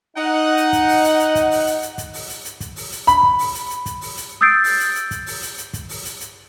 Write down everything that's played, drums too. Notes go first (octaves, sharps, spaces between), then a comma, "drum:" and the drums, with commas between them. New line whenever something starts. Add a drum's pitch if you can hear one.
D#4 F#5
drum: hi-hat
drum: kick, hi-hat
drum: open hi-hat
drum: hi-hat
drum: hi-hat
drum: kick, hi-hat
drum: open hi-hat
drum: hi-hat
drum: hi-hat
drum: kick, hi-hat
drum: open hi-hat
drum: hi-hat
drum: hi-hat
drum: kick, hi-hat
drum: open hi-hat
drum: hi-hat
B5, drum: hi-hat
drum: kick
drum: open hi-hat
drum: hi-hat
drum: hi-hat
drum: kick, hi-hat
drum: open hi-hat
drum: hi-hat
D#6 E6 G6 A6 C7 D7
drum: open hi-hat
drum: hi-hat
drum: hi-hat
drum: kick, hi-hat
drum: open hi-hat
drum: hi-hat
drum: hi-hat
drum: kick, hi-hat
drum: open hi-hat
drum: hi-hat
drum: hi-hat